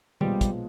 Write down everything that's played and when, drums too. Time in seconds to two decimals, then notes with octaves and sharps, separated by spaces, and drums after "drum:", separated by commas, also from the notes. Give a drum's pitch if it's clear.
0.21 B1 A#2 F3 G3 G#3 B3, drum: tom
0.41 drum: kick, hi-hat